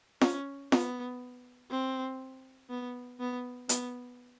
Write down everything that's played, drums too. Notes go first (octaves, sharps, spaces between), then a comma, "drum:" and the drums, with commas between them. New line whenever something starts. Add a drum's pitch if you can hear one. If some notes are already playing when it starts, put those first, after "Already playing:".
C#4, drum: snare F4
B3, drum: snare F4
C4
B3
B3
B3, drum: hi-hat